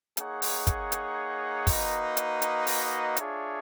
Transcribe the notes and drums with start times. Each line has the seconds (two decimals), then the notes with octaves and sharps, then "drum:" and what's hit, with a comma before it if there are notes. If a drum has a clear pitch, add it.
0.17 A#3 D#4 G#4 C#5 F#5, drum: hi-hat
0.42 drum: open hi-hat
0.67 drum: kick, hi-hat
0.92 drum: hi-hat
1.67 A#3 D#4 F#4 B4 D#5, drum: kick, open hi-hat
2.17 drum: hi-hat
2.42 drum: hi-hat
2.67 drum: open hi-hat
3.17 D4 F4 G#4 C#5 E5, drum: hi-hat